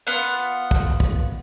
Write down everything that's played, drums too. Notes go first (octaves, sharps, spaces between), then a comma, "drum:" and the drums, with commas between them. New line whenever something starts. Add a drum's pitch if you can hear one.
B3 F4 F#5
drum: kick
drum: kick